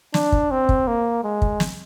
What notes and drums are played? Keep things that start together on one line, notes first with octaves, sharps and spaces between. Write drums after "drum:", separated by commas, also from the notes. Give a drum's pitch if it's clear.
D4, drum: snare
drum: kick
C4
drum: kick
A#3
G#3
drum: kick
drum: snare